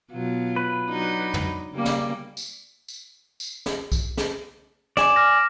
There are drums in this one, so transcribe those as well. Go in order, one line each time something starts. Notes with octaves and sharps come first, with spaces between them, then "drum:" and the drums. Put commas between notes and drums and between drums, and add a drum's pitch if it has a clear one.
B2 F#3 F4
B4
F#3 D4 D#4
drum: tom
C#3 G3 A#3
drum: snare
drum: tambourine
drum: tambourine
drum: tambourine
drum: snare
drum: kick C2, tambourine
drum: snare
D5 G#5 D6 E7, drum: snare
D6 F6 A#6